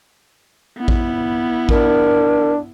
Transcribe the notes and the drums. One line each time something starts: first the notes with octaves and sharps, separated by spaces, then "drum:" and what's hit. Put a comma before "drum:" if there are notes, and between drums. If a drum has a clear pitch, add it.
B3 E4
drum: kick A1
D4 A#4, drum: kick A1